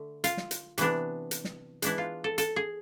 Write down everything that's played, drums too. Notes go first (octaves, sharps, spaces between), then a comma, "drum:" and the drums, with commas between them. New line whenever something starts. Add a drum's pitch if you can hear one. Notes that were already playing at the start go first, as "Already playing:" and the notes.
Already playing: D3 A3
F4, drum: hi-hat
drum: snare
drum: hi-hat
C3 E3 B3 D4, drum: hi-hat
drum: hi-hat
drum: snare
E3 G#3 B3 D4 E4, drum: hi-hat
F4
A4
A4, drum: hi-hat
G#4